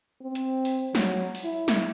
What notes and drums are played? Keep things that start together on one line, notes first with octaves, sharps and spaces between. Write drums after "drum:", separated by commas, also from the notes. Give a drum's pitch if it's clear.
C4
drum: hi-hat
drum: open hi-hat
F#3, drum: snare
drum: open hi-hat
E4
drum: snare